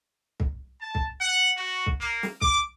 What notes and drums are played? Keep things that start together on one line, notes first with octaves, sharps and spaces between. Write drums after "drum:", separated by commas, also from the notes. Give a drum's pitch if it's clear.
drum: kick
A5
drum: kick
F#5
F#4
drum: kick
A#3
drum: snare
D6, drum: kick